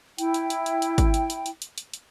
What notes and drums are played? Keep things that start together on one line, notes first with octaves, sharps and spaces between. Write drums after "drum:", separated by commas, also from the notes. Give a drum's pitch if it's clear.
E4 G5, drum: hi-hat
drum: hi-hat
drum: hi-hat
drum: hi-hat
drum: hi-hat
drum: kick G#1, hi-hat
drum: hi-hat
drum: hi-hat
drum: hi-hat
drum: hi-hat
drum: hi-hat
drum: hi-hat